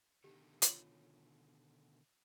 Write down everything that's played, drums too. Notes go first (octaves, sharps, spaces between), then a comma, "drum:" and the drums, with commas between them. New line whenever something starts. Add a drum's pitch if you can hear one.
B2 D3 D#3 G4
F4 C#5, drum: hi-hat